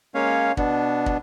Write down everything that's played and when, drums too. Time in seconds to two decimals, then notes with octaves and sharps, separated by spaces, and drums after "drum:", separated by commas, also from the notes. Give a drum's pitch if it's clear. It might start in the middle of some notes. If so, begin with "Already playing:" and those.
0.14 G#3 A#3 C#4 C#5 F5
0.57 B2 B3 D4, drum: kick
1.06 drum: kick